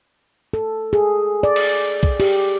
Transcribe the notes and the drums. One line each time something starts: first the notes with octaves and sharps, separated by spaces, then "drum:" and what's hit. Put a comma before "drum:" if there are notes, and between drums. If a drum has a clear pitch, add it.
A4
G#4
D5
drum: cymbal
drum: kick B1
G4, drum: cymbal